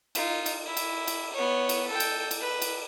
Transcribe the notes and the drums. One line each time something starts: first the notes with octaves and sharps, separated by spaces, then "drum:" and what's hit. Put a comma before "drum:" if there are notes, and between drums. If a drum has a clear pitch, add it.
D#4 F4, drum: cymbal
drum: cymbal
E4
drum: cymbal
drum: cymbal
B3 C#5
drum: cymbal
A4 G5
drum: cymbal
drum: cymbal
B4
drum: cymbal